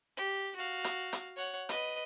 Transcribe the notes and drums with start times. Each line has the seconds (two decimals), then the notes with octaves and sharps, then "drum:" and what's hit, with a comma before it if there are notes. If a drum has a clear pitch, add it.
0.17 G4
0.56 F#4 F5
0.84 drum: hi-hat
1.13 drum: hi-hat
1.36 C#5 F#5
1.69 B4 D#5, drum: hi-hat